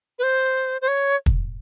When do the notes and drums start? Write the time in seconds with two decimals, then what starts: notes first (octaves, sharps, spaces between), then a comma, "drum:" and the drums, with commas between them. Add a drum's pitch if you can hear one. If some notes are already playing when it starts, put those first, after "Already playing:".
0.19 B4
0.23 C5
0.81 C5
0.88 C#5
1.26 drum: kick